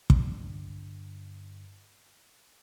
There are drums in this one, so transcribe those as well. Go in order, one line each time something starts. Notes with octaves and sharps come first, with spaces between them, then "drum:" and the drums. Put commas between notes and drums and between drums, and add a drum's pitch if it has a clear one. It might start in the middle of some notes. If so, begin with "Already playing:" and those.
G2 D3, drum: kick